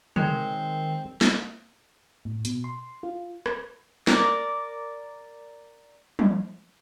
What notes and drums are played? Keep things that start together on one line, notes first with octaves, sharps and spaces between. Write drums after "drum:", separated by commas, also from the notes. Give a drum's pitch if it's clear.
D#3 G#3 C4 C#5, drum: tom
drum: snare
A2
B2, drum: hi-hat
C6
F4
drum: rim click
A#4 D5, drum: snare
drum: tom